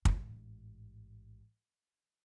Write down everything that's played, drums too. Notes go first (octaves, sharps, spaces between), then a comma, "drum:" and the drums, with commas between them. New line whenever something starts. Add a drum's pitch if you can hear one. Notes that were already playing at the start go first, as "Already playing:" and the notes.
A1 G#2, drum: kick